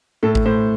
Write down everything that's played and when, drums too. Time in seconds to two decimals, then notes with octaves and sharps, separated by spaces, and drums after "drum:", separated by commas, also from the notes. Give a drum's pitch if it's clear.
0.23 A2 A4
0.35 drum: kick G#1
0.46 A2 C5